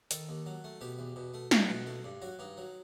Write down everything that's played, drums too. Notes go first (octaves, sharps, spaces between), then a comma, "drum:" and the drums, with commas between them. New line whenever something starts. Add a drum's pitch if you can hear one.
D#3 A4, drum: hi-hat
D#2
F#3
A3
B2 G4
E2
B2
A3
A3 F#4, drum: snare
B2
A3
G2
F#3 F#4
G2 D#4
F#3